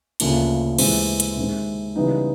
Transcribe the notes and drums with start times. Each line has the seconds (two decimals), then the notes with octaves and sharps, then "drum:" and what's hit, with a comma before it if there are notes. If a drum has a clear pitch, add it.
0.20 D2 C#3 F3 A#3 D4, drum: cymbal
0.79 D2 C3 E3 G#3 C4, drum: cymbal
1.20 drum: hi-hat
1.37 C3 D#3 G#3 C4
1.96 C#3 E3 G3 B3 D#4